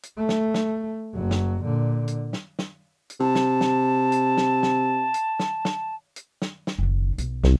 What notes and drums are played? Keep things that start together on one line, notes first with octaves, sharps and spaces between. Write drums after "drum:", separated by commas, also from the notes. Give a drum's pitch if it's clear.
drum: hi-hat
A3
drum: snare
drum: snare
F#1 F#3
drum: snare
A#2 D3
drum: hi-hat
drum: snare
drum: snare
drum: hi-hat
C3 A5
drum: snare
drum: snare
drum: hi-hat
drum: snare
drum: snare
drum: hi-hat
drum: snare
drum: snare
drum: hi-hat
drum: snare
drum: snare
F#1 D#3
B1, drum: hi-hat
C2, drum: snare